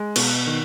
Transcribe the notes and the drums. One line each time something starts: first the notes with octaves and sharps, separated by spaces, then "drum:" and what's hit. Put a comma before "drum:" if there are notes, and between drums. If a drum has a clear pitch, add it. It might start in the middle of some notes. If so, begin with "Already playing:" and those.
Already playing: G#3
B2, drum: cymbal
D#3